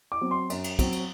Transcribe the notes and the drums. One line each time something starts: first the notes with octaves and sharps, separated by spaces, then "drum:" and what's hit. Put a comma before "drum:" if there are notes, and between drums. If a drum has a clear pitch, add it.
D6
F#3 C4
C6
F#2, drum: cymbal
drum: cymbal
F#3 C4, drum: kick, cymbal
drum: cymbal